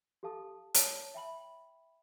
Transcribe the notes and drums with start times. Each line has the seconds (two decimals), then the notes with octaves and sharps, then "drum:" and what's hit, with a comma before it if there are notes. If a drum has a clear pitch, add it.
0.23 G4 A4 F5 A5 D#6
0.74 C#5 A5, drum: hi-hat
1.14 E5 G5 B5 F#7